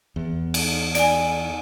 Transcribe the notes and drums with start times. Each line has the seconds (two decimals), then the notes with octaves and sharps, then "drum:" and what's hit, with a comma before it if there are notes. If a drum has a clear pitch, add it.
0.16 E2
0.54 drum: cymbal
0.95 D5 G#5, drum: hi-hat